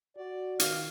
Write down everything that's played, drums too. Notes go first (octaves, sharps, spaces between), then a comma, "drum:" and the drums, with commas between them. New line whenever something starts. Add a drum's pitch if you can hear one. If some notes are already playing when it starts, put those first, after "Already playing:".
F#4 D5
D#3 F5, drum: hi-hat